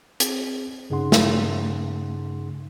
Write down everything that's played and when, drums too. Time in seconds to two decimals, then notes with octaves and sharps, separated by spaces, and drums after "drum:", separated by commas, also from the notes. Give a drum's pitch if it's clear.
0.20 C4 G#4, drum: hi-hat
0.90 G2 C#3 D#4 G#4 F#5 C6
1.12 drum: snare